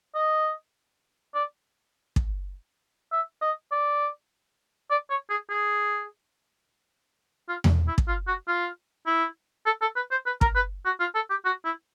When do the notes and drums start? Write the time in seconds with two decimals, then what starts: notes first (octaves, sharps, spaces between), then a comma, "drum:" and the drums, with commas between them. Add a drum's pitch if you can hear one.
0.15 D#5
1.34 D5
2.16 drum: kick
3.12 E5
3.42 D#5
3.72 D5
4.90 D5
5.10 C#5
5.30 G#4
5.50 G#4
7.48 F4
7.64 drum: tom E2
7.88 E4
7.98 drum: kick
8.08 F4
8.27 F#4
8.48 F4
9.07 E4
9.66 A4
9.82 A4
9.96 B4
10.11 C5
10.26 B4
10.41 A#4, drum: kick
10.55 B4
10.86 F#4
11.00 F4
11.15 A4
11.30 G4
11.45 F#4
11.65 E4